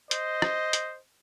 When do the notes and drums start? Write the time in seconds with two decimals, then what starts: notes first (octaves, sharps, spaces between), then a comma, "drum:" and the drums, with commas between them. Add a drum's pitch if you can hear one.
0.11 C5 D#5, drum: hi-hat
0.42 drum: rim click
0.73 drum: hi-hat